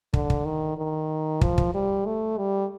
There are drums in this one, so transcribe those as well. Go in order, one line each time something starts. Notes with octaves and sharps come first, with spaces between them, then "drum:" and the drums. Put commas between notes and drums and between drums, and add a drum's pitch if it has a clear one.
D3, drum: kick
drum: kick
D#3
D#3
F3, drum: kick
drum: kick
G3
A3
G3